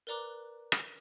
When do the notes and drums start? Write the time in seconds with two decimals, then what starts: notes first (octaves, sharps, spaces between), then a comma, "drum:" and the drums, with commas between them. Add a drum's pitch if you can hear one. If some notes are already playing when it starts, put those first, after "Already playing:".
0.07 A#4 B4 D5 A#5 D6 F#6
0.72 drum: rim click